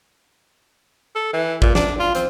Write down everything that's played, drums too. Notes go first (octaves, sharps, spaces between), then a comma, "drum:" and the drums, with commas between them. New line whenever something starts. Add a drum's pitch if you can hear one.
A4
E3
A#2, drum: kick
D4, drum: snare
F4
C4, drum: hi-hat